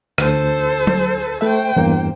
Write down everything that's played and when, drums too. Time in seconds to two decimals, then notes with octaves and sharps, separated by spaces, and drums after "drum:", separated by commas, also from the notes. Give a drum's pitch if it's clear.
0.18 D2 A4 C5, drum: rim click
0.87 drum: tom F#3
1.41 A3 C5 E5 G5
1.76 E2 G2 A#3